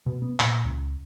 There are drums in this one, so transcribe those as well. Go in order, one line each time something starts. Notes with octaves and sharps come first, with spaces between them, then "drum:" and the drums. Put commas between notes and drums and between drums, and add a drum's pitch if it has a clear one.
B2
B3
A#2, drum: clap
C#2